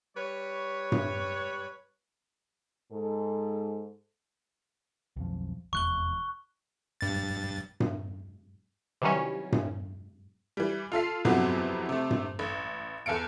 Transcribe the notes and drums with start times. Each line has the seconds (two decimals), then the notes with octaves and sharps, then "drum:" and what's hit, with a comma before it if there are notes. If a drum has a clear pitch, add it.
0.17 G3 B4 C#5
0.92 drum: tom G2
2.92 G#2 A4
5.16 B1 F2 F3
5.73 F1 E2 C#6 F#6 G7
7.01 G2 A6
7.80 drum: tom G2
9.02 C3 D#3 E3 F#3 G3 C#4
9.52 drum: tom G2
10.57 E3 G3
10.92 F4 A4 F5 C7
11.25 F2 C3 E3 F#3 B3, drum: tom G2
11.89 C3 A3
12.11 drum: tom G2
12.39 A1
13.06 E2 A4 F5 C#7 D7